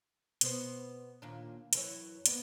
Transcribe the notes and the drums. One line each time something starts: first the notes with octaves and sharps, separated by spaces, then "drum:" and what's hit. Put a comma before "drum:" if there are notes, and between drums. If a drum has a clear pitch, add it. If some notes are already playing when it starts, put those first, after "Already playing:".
B2 B3 C5, drum: hi-hat
D#2 A#2 D4
F#2 E3 C#5, drum: hi-hat
G#2 B3 D5, drum: hi-hat